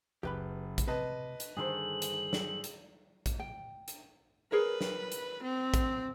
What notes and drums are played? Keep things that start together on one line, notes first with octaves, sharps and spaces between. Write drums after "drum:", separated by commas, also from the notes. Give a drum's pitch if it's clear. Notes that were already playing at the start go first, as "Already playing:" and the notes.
F#1 G4 B4 B5
drum: kick, hi-hat
C3 B4 D#5 A5
drum: hi-hat
G2 D3 D#3 G#4 A4 C5 F#7
drum: hi-hat
drum: snare
drum: hi-hat
drum: kick, hi-hat
G5
drum: hi-hat
G#4 A#4 B4 C#5
drum: snare
drum: hi-hat
C4
drum: kick, hi-hat